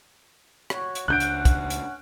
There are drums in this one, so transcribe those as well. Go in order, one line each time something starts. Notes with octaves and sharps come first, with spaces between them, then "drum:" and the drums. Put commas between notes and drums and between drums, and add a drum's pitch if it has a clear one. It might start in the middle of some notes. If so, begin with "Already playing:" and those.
F#4 C#5, drum: rim click
drum: hi-hat
C#2 G#3 C#4 D4 F#5 F#6 G6 D7
drum: hi-hat
drum: kick, hi-hat
drum: hi-hat